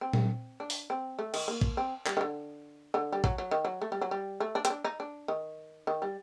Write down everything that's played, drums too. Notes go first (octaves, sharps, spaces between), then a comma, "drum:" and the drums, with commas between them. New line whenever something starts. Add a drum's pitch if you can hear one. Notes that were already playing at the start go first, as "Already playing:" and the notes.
C4
drum: tom A#2
D4
drum: open hi-hat
C4
A3
D#3, drum: cymbal
A#3
drum: kick
C4
G3, drum: clap
D#3
D3
D3
G3
F#3, drum: kick
F#3
D#3
F#3
A3
G3
F#3
G3
A3
D4
C4, drum: hi-hat
D4
D#4
D4
D#3
D#3
G3